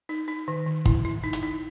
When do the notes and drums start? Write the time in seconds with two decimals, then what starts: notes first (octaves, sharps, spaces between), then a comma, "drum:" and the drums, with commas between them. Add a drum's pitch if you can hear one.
0.09 D#4
0.28 D#4
0.48 D#3
0.66 D#3
0.85 E4, drum: kick
1.05 E4
1.24 D#4
1.33 drum: hi-hat
1.43 D#4